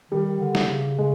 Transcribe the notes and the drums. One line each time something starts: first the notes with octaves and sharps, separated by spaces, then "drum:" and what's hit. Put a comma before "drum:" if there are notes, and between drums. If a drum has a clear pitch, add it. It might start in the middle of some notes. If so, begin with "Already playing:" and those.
D#3 G3
D3
drum: snare
C#3
C#3 G#3